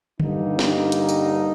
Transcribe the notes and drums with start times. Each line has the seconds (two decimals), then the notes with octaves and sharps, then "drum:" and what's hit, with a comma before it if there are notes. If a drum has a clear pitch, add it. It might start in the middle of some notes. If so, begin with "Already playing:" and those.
0.20 G2 D3 G3 A#3 D#4, drum: tom
0.59 drum: snare
0.92 drum: hi-hat
1.09 drum: tambourine